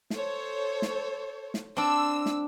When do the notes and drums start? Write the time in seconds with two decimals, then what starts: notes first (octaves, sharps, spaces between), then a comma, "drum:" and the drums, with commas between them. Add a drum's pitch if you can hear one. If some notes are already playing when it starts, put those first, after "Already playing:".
0.10 A4 C5 C#5, drum: snare
0.82 drum: snare
1.54 drum: snare
1.77 C4 D4 E6
2.26 drum: snare